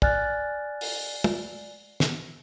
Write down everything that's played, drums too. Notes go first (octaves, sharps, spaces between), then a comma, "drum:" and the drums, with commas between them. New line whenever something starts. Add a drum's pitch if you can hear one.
D5 G#5 F6 F#6 A6, drum: kick
drum: open hi-hat
drum: tom
drum: snare